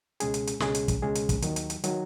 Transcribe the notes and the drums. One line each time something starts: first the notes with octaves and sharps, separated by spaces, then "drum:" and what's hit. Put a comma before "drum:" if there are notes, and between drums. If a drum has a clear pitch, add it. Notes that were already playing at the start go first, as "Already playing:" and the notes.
C#2 B2 G#3 C#4 G#4, drum: hi-hat
drum: hi-hat
drum: hi-hat
C#2 B2 G#3 C#4 G#4, drum: snare
drum: hi-hat
drum: kick, hi-hat
C#2 B2 G#3 C#4 G#4
drum: hi-hat
drum: kick, hi-hat
D#2 D#3 F#3, drum: hi-hat
drum: hi-hat
drum: hi-hat
D#3 F#3, drum: hi-hat